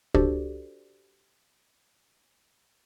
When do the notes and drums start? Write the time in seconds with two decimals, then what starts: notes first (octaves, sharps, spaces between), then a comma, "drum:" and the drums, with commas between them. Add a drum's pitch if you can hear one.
0.14 D4 F#4 G4 A4 C5 D5, drum: kick